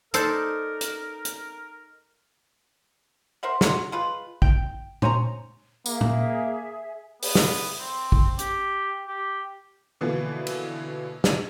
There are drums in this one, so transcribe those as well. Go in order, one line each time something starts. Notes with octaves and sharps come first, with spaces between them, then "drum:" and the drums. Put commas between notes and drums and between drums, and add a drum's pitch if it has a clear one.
D#4 A4 A#4 C5 D5, drum: hi-hat
drum: hi-hat
drum: hi-hat
A#4 C5 E5 F#5
F4 F#4, drum: snare
G#3 F4 B4
G5, drum: kick A1
C5 C#5 G#5 A#5, drum: tom A#2
A#3 G#4 E5, drum: tambourine
drum: tom A#2
B3, drum: open hi-hat
drum: snare
C4
drum: kick A1
G4, drum: hi-hat
G4
B2 D3 E3 F3 A#3 B3
drum: cymbal
drum: snare